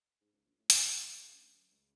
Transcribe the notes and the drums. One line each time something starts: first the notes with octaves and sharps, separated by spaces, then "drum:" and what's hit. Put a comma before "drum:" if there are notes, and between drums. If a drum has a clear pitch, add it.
G#2
C#2
A#1
A2
G1, drum: hi-hat
F1
C#2
C#3
D2
F#2
C#2